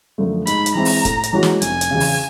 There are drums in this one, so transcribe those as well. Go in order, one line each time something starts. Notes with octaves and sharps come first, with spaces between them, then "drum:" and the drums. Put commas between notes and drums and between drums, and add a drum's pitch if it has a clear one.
F#2 D3 F3 A3
G#2 B5, drum: hi-hat
drum: hi-hat
E3 G#3 C4 E4 A#5
drum: open hi-hat
A2, drum: kick, hi-hat
drum: hi-hat
E3 G#3 C#4 F#4
drum: snare
F1 G#5, drum: hi-hat
drum: hi-hat
E2 C#3
drum: open hi-hat